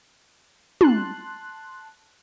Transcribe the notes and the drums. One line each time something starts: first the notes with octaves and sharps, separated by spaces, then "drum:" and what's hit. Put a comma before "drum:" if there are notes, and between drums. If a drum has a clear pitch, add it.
A5 C6 F#6, drum: tom